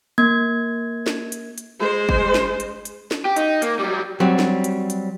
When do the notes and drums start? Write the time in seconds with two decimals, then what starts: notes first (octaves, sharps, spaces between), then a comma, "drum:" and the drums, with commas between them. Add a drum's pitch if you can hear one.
0.18 A#3 G#6
1.07 drum: snare
1.32 drum: hi-hat
1.58 drum: hi-hat
1.79 G#3 C5
2.09 drum: kick
2.34 drum: snare
2.60 drum: hi-hat
2.85 drum: hi-hat
3.11 drum: snare
3.25 G4
3.36 D#4, drum: hi-hat
3.62 A#3, drum: hi-hat
3.79 F#3 G3
4.20 F#3 G3 C4
4.39 drum: snare
4.64 drum: hi-hat
4.90 drum: hi-hat